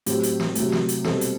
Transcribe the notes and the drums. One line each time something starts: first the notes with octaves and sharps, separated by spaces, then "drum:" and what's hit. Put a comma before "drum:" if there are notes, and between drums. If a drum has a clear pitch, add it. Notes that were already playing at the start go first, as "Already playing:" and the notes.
A2 F#3 C4 G4, drum: hi-hat
drum: hi-hat
drum: snare
C3 F#3 A3, drum: hi-hat
drum: snare
drum: hi-hat
B2 G3 C4 A4, drum: snare
drum: hi-hat